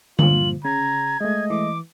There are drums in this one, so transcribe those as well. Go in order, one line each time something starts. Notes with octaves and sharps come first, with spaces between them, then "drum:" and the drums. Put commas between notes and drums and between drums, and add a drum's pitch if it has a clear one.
G2 A#2 F3 F4 F#7, drum: tom D3
C#3 A#5 G#6
G#3 A3 D#5
E3 D6